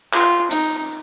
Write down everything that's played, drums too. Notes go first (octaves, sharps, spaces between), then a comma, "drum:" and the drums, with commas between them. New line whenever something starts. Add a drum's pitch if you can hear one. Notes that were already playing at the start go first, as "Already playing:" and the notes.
F4, drum: clap
D#4, drum: hi-hat